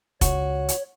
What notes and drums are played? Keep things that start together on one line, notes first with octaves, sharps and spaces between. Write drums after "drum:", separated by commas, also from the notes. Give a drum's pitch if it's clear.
C#2 F#4 C#5, drum: kick F1, hi-hat
drum: hi-hat